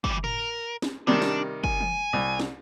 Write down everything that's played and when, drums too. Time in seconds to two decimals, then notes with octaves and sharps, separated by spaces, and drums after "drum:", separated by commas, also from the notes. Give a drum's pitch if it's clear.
0.04 E3 G3, drum: kick
0.24 A#4, drum: tom G#2
0.82 drum: snare
1.07 C3 D#3 G3 D4
1.22 drum: snare
1.64 G#5, drum: kick
1.81 drum: tom E3
2.13 C2
2.39 drum: snare